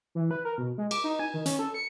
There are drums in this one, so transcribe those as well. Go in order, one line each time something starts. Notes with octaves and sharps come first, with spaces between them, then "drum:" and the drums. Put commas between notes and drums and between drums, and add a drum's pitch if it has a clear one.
E3
B4
A#4
B2
G#3
D6, drum: cymbal
D#4
G#5
D#3
C#4, drum: hi-hat
A4
C#7